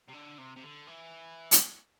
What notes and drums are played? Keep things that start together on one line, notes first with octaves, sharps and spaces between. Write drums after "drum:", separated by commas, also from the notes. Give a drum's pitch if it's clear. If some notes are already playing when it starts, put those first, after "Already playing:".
C3
D3
C3
C3
D3
E3
drum: hi-hat